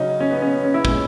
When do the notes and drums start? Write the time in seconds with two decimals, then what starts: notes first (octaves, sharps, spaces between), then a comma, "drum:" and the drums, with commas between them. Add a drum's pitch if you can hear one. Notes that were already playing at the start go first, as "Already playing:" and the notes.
Already playing: C#3 F#3 C#4 D#4
0.20 C#4
0.31 B3
0.42 C#4
0.53 B3
0.64 C#4
0.74 E4
0.85 A#2 G#3, drum: kick